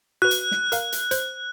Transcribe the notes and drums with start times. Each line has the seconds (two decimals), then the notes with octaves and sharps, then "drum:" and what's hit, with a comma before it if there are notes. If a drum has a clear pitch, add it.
0.22 F#4 B4 F#6
0.31 drum: hi-hat
0.51 drum: snare
0.72 A#4 F5, drum: hi-hat
0.92 drum: hi-hat
1.11 C5, drum: hi-hat